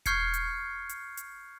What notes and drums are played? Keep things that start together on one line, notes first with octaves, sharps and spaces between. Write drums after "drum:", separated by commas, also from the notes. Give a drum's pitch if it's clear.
C#6 F6 G6 G#6 C7 C#7, drum: kick E1, hi-hat
drum: hi-hat
drum: hi-hat
drum: hi-hat